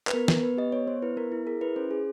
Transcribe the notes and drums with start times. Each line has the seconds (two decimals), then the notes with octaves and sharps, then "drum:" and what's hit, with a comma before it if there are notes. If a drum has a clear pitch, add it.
0.07 B4, drum: clap
0.13 B3 A#4
0.28 B3, drum: snare
0.43 B3 B4
0.57 G4 D#5
0.72 B3 C#5
0.87 B3 C5
1.02 E4 B4
1.17 B3 A#4
1.32 E4
1.46 G#4 A#4
1.61 E4 B4
1.76 C#4 C5
1.91 G#4